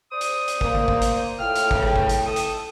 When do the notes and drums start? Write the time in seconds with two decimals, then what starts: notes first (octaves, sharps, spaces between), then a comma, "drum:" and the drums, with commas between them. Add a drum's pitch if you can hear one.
0.11 C5 D5 D#6
0.21 drum: hi-hat
0.48 drum: hi-hat
0.61 A#3, drum: kick
0.75 drum: tom
0.88 drum: kick
1.01 drum: hi-hat
1.39 A2 F4 G5 F6
1.55 drum: hi-hat
1.71 C#2 C#3, drum: kick
1.82 drum: tom
1.96 drum: kick
2.09 drum: hi-hat
2.25 A4 D#6
2.36 drum: hi-hat